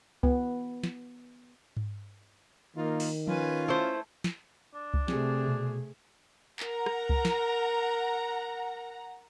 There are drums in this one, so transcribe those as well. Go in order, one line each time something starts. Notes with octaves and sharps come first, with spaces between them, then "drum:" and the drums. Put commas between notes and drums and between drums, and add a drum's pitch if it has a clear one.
B3, drum: kick C2
drum: snare
drum: tom G#2
D#3 A#3 D#4 F4
drum: open hi-hat
C#4 F4 B4 G#5, drum: tom F3
A3 E4 C5
drum: snare
D4
drum: kick C2
C3 A3 C4 G4 G#4, drum: snare
B2
A#4 F#5 A#5, drum: clap
drum: rim click
drum: kick C2
drum: snare